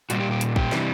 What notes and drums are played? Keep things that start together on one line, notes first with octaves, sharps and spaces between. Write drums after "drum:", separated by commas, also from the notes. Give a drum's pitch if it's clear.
A#2 G3 F#4, drum: hi-hat
G4
G4
drum: hi-hat
G4, drum: kick
C3 E3 G3, drum: snare